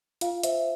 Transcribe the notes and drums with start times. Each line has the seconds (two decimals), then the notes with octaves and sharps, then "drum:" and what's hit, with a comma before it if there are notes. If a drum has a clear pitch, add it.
0.21 F4 F5, drum: hi-hat
0.43 C5 E5, drum: hi-hat